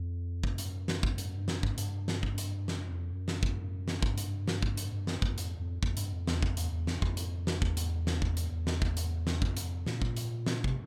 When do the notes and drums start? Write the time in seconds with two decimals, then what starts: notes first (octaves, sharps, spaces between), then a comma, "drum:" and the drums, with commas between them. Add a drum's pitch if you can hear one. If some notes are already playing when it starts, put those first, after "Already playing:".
Already playing: F2
0.43 F#2, drum: kick
0.58 drum: hi-hat
0.88 drum: snare
1.03 drum: kick
1.18 drum: hi-hat
1.37 G2
1.48 F#2, drum: snare
1.63 G2, drum: kick
1.78 G2, drum: hi-hat
2.08 drum: snare
2.23 drum: kick
2.38 drum: hi-hat
2.68 F#2, drum: snare
2.90 F2
3.13 F#2
3.28 drum: snare
3.43 drum: kick
3.88 drum: snare
4.02 G2, drum: kick
4.18 drum: hi-hat
4.48 drum: snare
4.63 drum: kick
4.77 drum: hi-hat
4.92 G2
5.07 F#2, drum: snare
5.22 F#2, drum: kick
5.38 F2, drum: hi-hat
5.59 F2
5.83 F2, drum: kick
5.97 G2, drum: hi-hat
6.13 F2
6.27 E2, drum: snare
6.43 F2, drum: kick
6.57 E2, drum: hi-hat
6.72 E2
6.87 F2, drum: snare
7.02 F2, drum: kick
7.17 drum: hi-hat
7.47 drum: snare
7.62 E2, drum: kick
7.77 drum: hi-hat
8.07 drum: snare
8.22 drum: kick
8.37 drum: hi-hat
8.52 E2
8.67 drum: snare
8.82 drum: kick
8.97 drum: hi-hat
9.27 drum: snare
9.42 F2, drum: kick
9.57 F#2, drum: hi-hat
9.64 F2
9.86 A#2, drum: snare
10.02 drum: kick
10.17 drum: hi-hat
10.46 drum: snare
10.64 C3, drum: kick